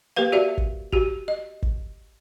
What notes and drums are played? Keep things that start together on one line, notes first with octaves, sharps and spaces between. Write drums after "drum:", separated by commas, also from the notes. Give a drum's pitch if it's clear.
A#3 G4 A#4 B4 F5
F#4 G4 D5 E5
drum: kick
F#4 G4, drum: kick
D#5
drum: kick